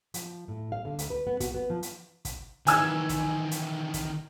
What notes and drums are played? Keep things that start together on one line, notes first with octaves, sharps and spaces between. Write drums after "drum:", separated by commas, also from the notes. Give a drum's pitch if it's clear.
F3, drum: hi-hat
A2
F5
D3
D2, drum: hi-hat
B4
B3
F#4, drum: kick, hi-hat
B3
F3
drum: hi-hat
drum: kick, hi-hat
D#3 E3 G#5 E6 G#6, drum: hi-hat
drum: kick, hi-hat
drum: hi-hat
drum: kick, hi-hat